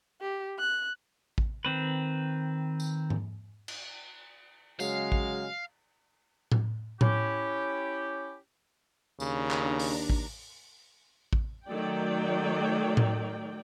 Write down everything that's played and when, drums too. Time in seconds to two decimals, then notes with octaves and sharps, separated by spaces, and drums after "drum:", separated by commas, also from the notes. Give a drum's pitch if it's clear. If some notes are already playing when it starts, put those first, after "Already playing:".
0.21 G4
0.59 F#6
1.38 drum: kick A1
1.65 D#3 C4 B4
2.80 drum: tambourine
3.10 drum: tom G#2
3.68 drum: cymbal
4.80 C#3 F#3 G#3 F5, drum: tambourine
5.12 drum: kick A1
6.52 drum: tom A2
7.01 C#4 E4 G4, drum: tom A2
9.20 D#2 C#3 D4 A#5, drum: tambourine
9.51 drum: clap
9.80 drum: open hi-hat
10.10 drum: kick A1
11.33 drum: kick A1
11.65 D#3 F#3 A3 D5 G5
12.97 drum: tom A2